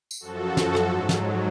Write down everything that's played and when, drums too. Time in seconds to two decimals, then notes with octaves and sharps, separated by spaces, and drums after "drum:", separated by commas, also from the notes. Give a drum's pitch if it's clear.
0.11 drum: tambourine
0.20 F#2 F3 F#4 A4
0.57 drum: snare
0.75 G#2 F#3, drum: rim click
1.09 drum: snare